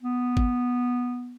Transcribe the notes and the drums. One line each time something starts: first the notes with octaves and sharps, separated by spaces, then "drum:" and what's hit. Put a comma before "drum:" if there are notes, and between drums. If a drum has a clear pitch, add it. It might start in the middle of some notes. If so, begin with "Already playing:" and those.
B3
drum: kick